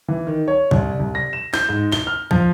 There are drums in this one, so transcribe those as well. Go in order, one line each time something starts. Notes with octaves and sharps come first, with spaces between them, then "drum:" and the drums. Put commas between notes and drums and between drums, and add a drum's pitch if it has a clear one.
E3
D#3
C#5
C2, drum: kick
C2
A#6
E7
G6, drum: snare
G#2
G7, drum: snare
F6
F3, drum: kick